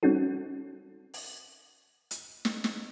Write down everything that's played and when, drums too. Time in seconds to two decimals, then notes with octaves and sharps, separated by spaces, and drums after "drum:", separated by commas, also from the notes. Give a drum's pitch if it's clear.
0.03 G3 C4 C#4 D#4 F#4 A4
1.14 drum: open hi-hat
2.11 drum: hi-hat
2.45 drum: snare
2.64 drum: snare